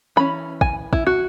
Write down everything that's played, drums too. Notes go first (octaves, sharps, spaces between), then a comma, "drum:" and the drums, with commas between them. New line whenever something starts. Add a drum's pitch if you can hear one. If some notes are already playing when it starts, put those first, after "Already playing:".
E3 C#4 B5
G#5, drum: kick
E4, drum: kick
F#4